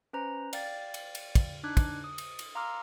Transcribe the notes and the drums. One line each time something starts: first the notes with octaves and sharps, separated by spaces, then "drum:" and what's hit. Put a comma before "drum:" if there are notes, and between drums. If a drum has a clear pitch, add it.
C#4 B4 C5 A#5
D5 F5 G5 A6, drum: cymbal
drum: cymbal
drum: cymbal
drum: kick, cymbal
D4 D#4 D6 F#6 G#6
drum: kick, cymbal
D#6
drum: cymbal
drum: cymbal
F5 A#5 C6 D6 E6 F6